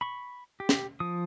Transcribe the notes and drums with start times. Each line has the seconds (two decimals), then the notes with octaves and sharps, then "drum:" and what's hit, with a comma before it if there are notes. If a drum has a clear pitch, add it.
0.01 B5 C#6
0.60 G4
0.69 drum: snare
1.00 F3 D#6